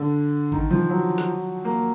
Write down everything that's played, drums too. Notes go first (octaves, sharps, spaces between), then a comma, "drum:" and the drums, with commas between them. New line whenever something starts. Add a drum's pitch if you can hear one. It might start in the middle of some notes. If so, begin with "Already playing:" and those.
Already playing: D3
D#3, drum: kick A1
F3, drum: tom C3
F#3
drum: snare
A#3